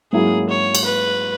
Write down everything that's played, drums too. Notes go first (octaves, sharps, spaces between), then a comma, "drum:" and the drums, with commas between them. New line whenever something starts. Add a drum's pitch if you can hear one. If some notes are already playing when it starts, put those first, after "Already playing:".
G#2 F#3 A#3 C#4 E4 G#4
C#5
drum: cymbal
B4